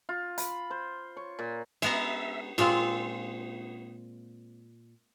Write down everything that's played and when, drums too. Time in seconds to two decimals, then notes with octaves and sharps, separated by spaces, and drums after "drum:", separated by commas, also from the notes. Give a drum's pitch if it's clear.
0.09 F4
0.38 B5, drum: hi-hat
0.70 C5
1.17 C#5
1.39 A#2
1.82 G#3 B3 E5 A#5, drum: cymbal
2.58 A#2 G#3 C4 F4, drum: cymbal